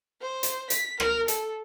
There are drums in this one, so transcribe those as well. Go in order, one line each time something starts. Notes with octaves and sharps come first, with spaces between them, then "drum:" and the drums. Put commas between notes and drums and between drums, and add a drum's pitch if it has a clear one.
C5
drum: hi-hat
B6, drum: hi-hat
A#4, drum: rim click
A4, drum: hi-hat